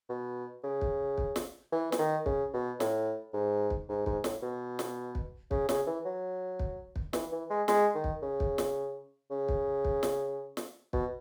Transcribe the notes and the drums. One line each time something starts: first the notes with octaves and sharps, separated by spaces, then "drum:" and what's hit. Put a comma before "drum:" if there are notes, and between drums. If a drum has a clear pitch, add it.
B2
C#3
drum: kick
drum: kick
drum: snare
E3
E3, drum: snare
D#3
C#3, drum: kick
B2
A2, drum: snare
G#2
drum: kick
G#2
G#2, drum: kick
A2, drum: snare
B2
drum: snare
drum: kick
C#3, drum: kick
C#3, drum: snare
E3
F#3
drum: kick
drum: kick
E3, drum: snare
E3
G#3
G#3, drum: snare
D#3
drum: kick
C#3
drum: kick
drum: snare
C#3
drum: kick
drum: kick
drum: snare
drum: snare
B2, drum: kick